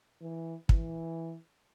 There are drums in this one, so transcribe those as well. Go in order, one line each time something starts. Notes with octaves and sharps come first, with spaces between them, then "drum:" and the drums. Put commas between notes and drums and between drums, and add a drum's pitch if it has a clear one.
E3
E3, drum: kick